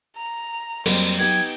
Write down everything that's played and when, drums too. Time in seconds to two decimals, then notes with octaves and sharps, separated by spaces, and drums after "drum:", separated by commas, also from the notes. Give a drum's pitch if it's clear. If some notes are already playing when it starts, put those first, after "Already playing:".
0.17 A#5
0.86 F2 F#3 G3 A#3 C5, drum: cymbal
1.19 B3 D#4 G4 G5 G#6